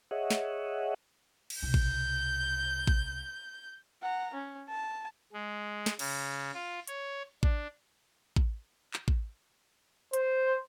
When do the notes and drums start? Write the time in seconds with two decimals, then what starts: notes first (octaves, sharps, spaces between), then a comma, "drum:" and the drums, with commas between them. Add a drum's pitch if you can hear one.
0.11 G#4 C#5 D#5 E5 F#5
0.30 drum: snare
1.50 drum: cymbal
1.62 C2 B2 G6
1.74 drum: kick A1
2.87 drum: kick A1
4.02 F#5 A#5
4.34 C#4
4.69 A5
5.33 G#3
5.86 drum: snare
5.99 C#3, drum: cymbal
6.54 F4
6.87 C#5, drum: hi-hat
7.43 D4, drum: kick A1
8.36 drum: kick A1
8.94 drum: clap
9.08 drum: kick A1
10.13 C5, drum: hi-hat